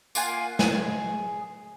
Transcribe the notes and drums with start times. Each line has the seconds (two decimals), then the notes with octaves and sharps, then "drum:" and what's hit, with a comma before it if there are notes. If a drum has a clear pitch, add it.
0.15 A#3 F4 F#5 G#5, drum: tambourine
0.59 G#4, drum: snare